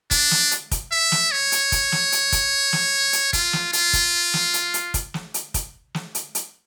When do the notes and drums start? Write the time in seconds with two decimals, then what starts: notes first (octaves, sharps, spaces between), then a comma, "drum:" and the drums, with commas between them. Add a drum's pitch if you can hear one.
0.11 D4, drum: kick, hi-hat
0.31 drum: snare
0.51 drum: hi-hat
0.71 drum: kick, hi-hat
0.92 E5
1.12 drum: snare
1.32 C#5
1.52 drum: hi-hat
1.72 drum: kick, hi-hat
1.92 drum: snare
2.12 drum: hi-hat
2.32 drum: kick, hi-hat
2.73 drum: snare
3.13 drum: hi-hat
3.33 F4, drum: kick, hi-hat
3.53 drum: snare
3.73 F4, drum: hi-hat
3.93 drum: kick, hi-hat
4.34 drum: snare
4.54 drum: hi-hat
4.74 drum: hi-hat
4.94 drum: kick, hi-hat
5.14 drum: snare
5.34 drum: hi-hat
5.54 drum: kick, hi-hat
5.95 drum: snare
6.15 drum: hi-hat
6.35 drum: hi-hat